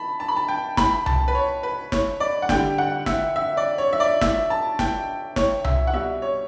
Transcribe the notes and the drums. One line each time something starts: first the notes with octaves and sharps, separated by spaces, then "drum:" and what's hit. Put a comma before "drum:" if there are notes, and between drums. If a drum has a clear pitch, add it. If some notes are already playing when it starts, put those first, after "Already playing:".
Already playing: A5 B5
A5
B5
A5
G5
B5, drum: snare
A5, drum: tom C2
B4
C#5
B4
C#5, drum: snare
D5
F#5
D3 G5, drum: snare
G3
F#5
E5, drum: snare
E5
D5
C#5
E5
D5
E5, drum: snare
A5
G5, drum: snare
C#5, drum: snare
E5, drum: tom C2
F#5
B2 G3 E5
C#5